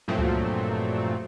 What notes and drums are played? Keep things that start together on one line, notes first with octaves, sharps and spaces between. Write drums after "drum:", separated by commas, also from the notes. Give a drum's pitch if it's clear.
G2 A#2 F3 F#3 A3 C4
drum: tom C#2